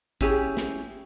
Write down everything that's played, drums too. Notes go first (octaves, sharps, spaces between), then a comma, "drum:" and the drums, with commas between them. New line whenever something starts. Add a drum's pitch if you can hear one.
C#4 E4 G4 G#4, drum: kick, hi-hat
drum: snare